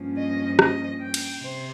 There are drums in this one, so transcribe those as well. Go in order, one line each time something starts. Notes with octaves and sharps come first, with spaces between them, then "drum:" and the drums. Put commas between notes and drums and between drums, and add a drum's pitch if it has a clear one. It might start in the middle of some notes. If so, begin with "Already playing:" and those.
Already playing: G2 F3 A#3 C#4
D#5
D#5, drum: rim click
G5
drum: cymbal
C3 C5